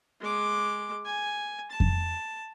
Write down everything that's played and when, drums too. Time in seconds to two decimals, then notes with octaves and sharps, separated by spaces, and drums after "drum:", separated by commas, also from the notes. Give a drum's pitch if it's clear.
0.21 G#3 D6
1.05 G#5
1.71 A5
1.80 drum: kick F2